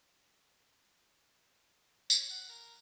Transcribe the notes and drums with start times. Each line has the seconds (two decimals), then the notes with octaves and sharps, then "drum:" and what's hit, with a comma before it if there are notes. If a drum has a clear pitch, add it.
2.10 C#5, drum: tambourine
2.30 F#5
2.49 A#4